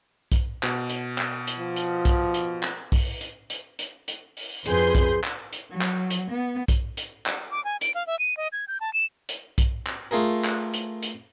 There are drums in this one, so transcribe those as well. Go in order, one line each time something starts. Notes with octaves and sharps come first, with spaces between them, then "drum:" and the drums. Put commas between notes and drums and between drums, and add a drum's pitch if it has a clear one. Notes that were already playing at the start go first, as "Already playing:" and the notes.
drum: kick B1, hi-hat
B2, drum: clap
drum: hi-hat
drum: clap
drum: hi-hat
F3
drum: hi-hat
drum: kick B1, hi-hat
drum: hi-hat
drum: clap
drum: kick B1, open hi-hat
drum: hi-hat
drum: hi-hat
drum: hi-hat
drum: hi-hat
drum: open hi-hat
F2 G#4 B4 C6 G6, drum: hi-hat
drum: kick B1, hi-hat
drum: clap
drum: hi-hat
F#3
drum: clap
drum: hi-hat
B3
drum: kick B1, hi-hat
drum: hi-hat
drum: clap
D6
G#5
D7, drum: hi-hat
F5
E5
D#7
D#5
G#6
G6
A5
E7
drum: hi-hat
drum: kick B1, hi-hat
drum: clap
A3 F4 G#4 A#4
drum: clap
drum: hi-hat
drum: hi-hat